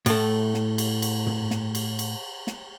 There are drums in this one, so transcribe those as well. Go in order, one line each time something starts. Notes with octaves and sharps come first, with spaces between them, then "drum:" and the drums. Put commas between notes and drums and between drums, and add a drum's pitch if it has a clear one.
A2 A3, drum: cymbal
drum: snare
drum: cymbal
drum: cymbal
drum: tom
drum: snare
drum: cymbal
drum: cymbal
drum: snare